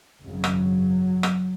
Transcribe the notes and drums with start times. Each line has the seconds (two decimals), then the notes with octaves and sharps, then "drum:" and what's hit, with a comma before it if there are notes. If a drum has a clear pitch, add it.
0.24 G#1 F#2 C#3 F#3
0.44 drum: rim click
1.23 drum: rim click